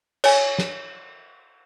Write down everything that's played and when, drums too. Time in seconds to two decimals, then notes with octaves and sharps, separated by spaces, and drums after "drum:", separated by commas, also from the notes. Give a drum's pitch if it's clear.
0.24 C#5 G#5, drum: cymbal
0.58 drum: snare